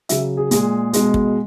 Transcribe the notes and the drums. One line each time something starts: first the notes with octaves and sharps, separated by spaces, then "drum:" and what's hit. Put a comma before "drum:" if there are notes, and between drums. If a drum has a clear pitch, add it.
C#3 F#3 E5, drum: hi-hat
G#4
A#2 G#3 G#4, drum: hi-hat
B2 G#3, drum: hi-hat
drum: kick